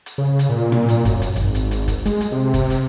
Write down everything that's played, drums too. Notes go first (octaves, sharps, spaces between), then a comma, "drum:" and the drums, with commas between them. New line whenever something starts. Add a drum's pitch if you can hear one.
drum: hi-hat
C#3
drum: hi-hat
A#2
drum: tom
drum: hi-hat
F#2, drum: kick, hi-hat
drum: hi-hat
G#1, drum: hi-hat
drum: hi-hat
drum: hi-hat
drum: kick, hi-hat
G#3, drum: hi-hat
drum: hi-hat
C3
drum: kick, hi-hat
drum: hi-hat